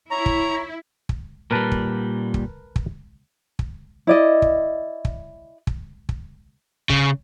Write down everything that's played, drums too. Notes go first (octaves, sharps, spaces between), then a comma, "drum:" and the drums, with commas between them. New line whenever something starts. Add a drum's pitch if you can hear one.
E4 C#5 A#5
drum: kick
drum: kick
A#2 G3 A#4 B4 A5
drum: kick
drum: kick
drum: kick
drum: kick
E4 D5 D#5
drum: kick
drum: kick
drum: kick
drum: kick
C#3, drum: kick